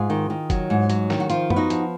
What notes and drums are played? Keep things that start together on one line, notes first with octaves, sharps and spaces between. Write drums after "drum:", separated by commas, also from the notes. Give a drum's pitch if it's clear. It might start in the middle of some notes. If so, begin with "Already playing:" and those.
Already playing: G#2 F4 G#4
D#3
D#3
F#3, drum: kick F#1, hi-hat
G#2
F#3, drum: hi-hat
D#3, drum: snare
F#4
F3 F4, drum: hi-hat
B3, drum: tom F#2
D#4 F#4
F3, drum: hi-hat